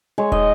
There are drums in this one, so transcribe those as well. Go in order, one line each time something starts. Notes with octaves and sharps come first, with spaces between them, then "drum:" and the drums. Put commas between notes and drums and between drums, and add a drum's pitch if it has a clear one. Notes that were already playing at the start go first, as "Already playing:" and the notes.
G#3 C#5
D#4 D#5, drum: kick